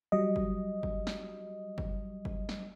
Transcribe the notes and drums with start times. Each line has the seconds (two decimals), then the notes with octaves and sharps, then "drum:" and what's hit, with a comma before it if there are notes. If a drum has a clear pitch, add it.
0.12 F#3 G3 D#5
0.36 drum: kick
0.83 drum: kick
1.07 drum: snare
1.78 drum: kick
2.25 drum: kick
2.49 drum: snare